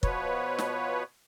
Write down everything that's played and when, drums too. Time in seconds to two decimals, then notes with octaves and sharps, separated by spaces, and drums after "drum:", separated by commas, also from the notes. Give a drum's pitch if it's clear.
0.03 B2 F3 B4 C#5, drum: kick
0.59 drum: snare